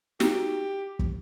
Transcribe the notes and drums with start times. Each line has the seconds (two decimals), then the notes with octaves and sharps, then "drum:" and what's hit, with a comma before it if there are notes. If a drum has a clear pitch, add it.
0.20 D#4 F#4 G4, drum: snare
0.99 drum: kick